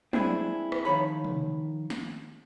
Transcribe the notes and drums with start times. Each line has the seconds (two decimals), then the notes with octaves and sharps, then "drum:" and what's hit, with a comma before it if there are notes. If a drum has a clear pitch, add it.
0.13 C4 D4 E4 G#4, drum: tom
0.72 drum: rim click
0.85 D#3 F3 C#5 B5
1.24 drum: tom
1.90 drum: snare